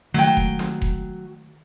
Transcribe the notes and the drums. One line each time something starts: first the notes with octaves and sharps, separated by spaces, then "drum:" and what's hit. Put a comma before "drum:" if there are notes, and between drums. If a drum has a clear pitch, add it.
D#3 F#3 G#3 A3 G5
drum: kick F1
drum: snare
drum: kick F1